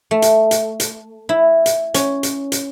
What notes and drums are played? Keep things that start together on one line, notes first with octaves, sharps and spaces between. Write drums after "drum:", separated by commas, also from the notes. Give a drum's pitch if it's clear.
A3
drum: hi-hat
drum: hi-hat
drum: hi-hat
E4
drum: hi-hat
C#4, drum: hi-hat
drum: hi-hat
drum: hi-hat